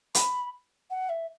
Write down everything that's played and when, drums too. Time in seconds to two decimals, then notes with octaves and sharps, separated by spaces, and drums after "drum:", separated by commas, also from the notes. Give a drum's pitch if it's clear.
0.15 B5, drum: hi-hat
0.90 F#5
1.09 E5